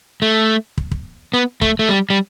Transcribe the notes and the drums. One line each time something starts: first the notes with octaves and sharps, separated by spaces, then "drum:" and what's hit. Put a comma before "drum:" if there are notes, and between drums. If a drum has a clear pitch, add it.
A3
drum: kick
drum: kick
B3
A3, drum: kick
A3
G3
G3